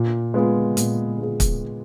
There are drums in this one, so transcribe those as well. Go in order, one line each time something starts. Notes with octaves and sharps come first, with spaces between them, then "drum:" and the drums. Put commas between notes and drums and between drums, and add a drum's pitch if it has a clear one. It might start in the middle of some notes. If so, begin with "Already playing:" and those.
Already playing: A#2
G#3 B3 F4 G#4
A#2, drum: hi-hat
G#3 B3 F4 G#4
drum: kick, hi-hat